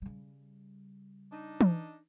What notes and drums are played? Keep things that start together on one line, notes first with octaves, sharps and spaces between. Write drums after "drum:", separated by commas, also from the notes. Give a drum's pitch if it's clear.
C#3 G3
D4 D#4
drum: tom E3